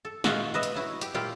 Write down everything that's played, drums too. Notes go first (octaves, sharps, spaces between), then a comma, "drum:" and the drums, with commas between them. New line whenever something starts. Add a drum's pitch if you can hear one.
A4
A#2 G#3 F4 F#4 E5 F#5, drum: snare
B4 D#5 E5
drum: hi-hat
F#3 E4 F#4
G4, drum: hi-hat
A#2 A#3 E4 F4 G4